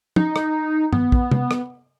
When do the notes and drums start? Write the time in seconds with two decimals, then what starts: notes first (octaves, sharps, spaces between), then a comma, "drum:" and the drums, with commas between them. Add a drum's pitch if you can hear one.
0.16 D#4, drum: tom
0.36 drum: rim click
0.93 B3, drum: tom G2
1.12 drum: kick A#1
1.31 drum: tom C3
1.51 drum: rim click